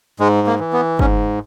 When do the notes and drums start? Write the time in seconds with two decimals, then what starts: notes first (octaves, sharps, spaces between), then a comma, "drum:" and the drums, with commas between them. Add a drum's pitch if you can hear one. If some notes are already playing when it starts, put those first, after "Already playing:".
0.20 G#2 G#3
0.47 A#3
0.60 E3
0.73 B3
0.99 G#2 C#4, drum: kick G1